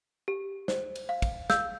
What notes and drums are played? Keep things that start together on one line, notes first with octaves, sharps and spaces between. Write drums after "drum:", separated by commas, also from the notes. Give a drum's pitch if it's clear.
G4
C5, drum: snare
drum: cymbal
F5
drum: kick, cymbal
F5 E6 G6, drum: snare